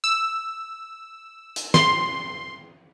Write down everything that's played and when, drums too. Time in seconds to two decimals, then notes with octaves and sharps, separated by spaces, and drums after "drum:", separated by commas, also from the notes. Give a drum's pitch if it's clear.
0.04 E6
1.56 drum: hi-hat
1.74 C6, drum: snare